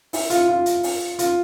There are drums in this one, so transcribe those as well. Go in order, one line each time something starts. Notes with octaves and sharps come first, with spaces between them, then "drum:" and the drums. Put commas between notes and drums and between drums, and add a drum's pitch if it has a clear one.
E4, drum: open hi-hat
F4, drum: hi-hat
F4
drum: hi-hat
drum: open hi-hat
F4, drum: hi-hat